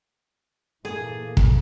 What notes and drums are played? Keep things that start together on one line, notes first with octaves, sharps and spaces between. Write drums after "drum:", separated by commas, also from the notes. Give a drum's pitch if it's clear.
A#2 E3 A#3 G#4 A4
drum: kick